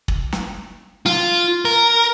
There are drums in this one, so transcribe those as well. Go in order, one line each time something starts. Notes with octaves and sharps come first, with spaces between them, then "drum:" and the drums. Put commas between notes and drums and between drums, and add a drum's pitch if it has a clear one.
drum: kick
drum: snare
F4, drum: snare
A#4